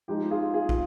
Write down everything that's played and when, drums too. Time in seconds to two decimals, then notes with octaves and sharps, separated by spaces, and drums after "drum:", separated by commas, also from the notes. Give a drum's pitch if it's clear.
0.08 F3 G#3 D#4 G4
0.31 F4 G#4
0.54 F4 G#4
0.69 drum: kick